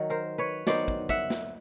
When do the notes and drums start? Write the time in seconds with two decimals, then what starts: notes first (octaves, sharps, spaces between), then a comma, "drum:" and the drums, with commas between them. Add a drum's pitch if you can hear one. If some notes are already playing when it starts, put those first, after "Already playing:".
Already playing: D#3 F#3
0.10 A#4 C5
0.38 B4 C#5
0.67 D#3 F#3 B3 C5 D5, drum: snare
0.88 drum: kick
1.09 E5 F#5, drum: kick
1.30 drum: snare